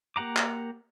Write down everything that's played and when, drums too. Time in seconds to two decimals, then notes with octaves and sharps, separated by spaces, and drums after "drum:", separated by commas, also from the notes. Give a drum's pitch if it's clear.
0.16 A#3 G4 F#5 A#5 D6
0.37 drum: clap